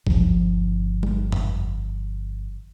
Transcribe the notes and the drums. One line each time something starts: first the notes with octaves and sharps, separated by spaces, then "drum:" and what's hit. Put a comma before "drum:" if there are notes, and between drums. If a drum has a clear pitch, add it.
G1 F3, drum: kick C2
drum: tom G3
drum: tom F2